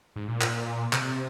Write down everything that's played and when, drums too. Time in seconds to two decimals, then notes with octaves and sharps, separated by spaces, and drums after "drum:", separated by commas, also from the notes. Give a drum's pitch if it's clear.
0.16 G#2
0.28 A#2
0.41 drum: clap
0.93 C3, drum: clap